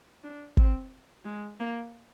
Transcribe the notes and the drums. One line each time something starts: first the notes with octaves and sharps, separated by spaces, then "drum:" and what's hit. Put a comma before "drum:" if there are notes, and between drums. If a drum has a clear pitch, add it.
D4
C4, drum: kick
G#3
A#3